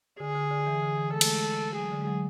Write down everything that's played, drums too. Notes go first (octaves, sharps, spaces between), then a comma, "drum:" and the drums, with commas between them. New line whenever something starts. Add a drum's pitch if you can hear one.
D3 G#4
D3
D3
E3
D3
E3
G#3 A4
A3, drum: cymbal
G#3
F#3 G#4
D3
G#3
F#3